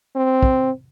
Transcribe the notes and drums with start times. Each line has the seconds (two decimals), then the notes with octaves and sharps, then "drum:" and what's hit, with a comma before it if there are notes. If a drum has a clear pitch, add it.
0.16 C4
0.43 drum: kick